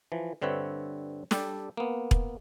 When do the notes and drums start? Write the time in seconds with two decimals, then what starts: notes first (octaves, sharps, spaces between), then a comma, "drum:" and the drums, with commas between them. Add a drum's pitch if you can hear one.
0.12 E3 F3
0.42 G2 D3 C4 B4 C#5 E5
1.31 G3 D4 G4 A4, drum: snare
1.77 A#3 B3
2.11 drum: kick E1